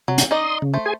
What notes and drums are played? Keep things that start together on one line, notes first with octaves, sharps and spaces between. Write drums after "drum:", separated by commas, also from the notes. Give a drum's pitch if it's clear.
C3 F#3
drum: hi-hat
D#4 D5 D#5 C6 D#6
C#3
A3 C5
G#4 G#5